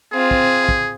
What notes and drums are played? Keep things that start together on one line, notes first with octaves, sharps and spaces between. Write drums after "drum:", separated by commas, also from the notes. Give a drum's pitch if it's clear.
C4 F4 G#4
drum: kick
drum: kick